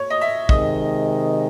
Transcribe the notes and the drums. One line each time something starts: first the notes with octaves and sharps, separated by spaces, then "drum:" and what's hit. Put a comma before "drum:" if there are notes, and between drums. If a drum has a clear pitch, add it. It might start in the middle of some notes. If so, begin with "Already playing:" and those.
Already playing: C#5
D#5
E5
C3 D#3 G#3 D#5, drum: kick